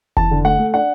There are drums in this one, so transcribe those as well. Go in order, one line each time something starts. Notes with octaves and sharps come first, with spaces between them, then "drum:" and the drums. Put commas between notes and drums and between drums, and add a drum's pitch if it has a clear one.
E2 A5, drum: kick F1
D3
A3 F#5
A3
D4 F#5